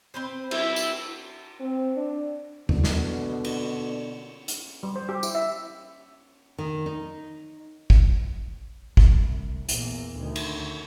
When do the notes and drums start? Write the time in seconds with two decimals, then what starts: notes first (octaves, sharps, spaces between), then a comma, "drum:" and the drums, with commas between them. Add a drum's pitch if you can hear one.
0.14 C4 B4 C5
0.51 G3 C4 E4, drum: cymbal
0.76 drum: tambourine
1.60 C4
1.96 D4
2.69 B2 D3, drum: tom E2
2.84 drum: snare
3.44 drum: cymbal
4.48 drum: hi-hat
4.83 G3
4.96 C5
5.09 G4
5.23 E4, drum: tambourine
5.35 E5
6.58 D#3
6.86 D#4
7.90 drum: kick
8.97 C2, drum: kick
9.69 E2 A#2, drum: hi-hat
10.16 D2 D#3
10.36 drum: cymbal